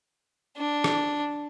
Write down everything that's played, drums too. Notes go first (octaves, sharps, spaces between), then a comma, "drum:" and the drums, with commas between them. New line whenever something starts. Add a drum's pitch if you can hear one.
D4
drum: rim click